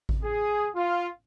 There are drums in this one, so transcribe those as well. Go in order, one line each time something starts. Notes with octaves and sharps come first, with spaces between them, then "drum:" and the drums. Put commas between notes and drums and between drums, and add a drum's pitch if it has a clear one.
drum: kick G#1
G#4
F4